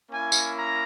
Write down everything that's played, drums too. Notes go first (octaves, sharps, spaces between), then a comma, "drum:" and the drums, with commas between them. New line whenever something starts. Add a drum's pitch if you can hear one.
A#3 C#4 E4 G#5
drum: tambourine
A#5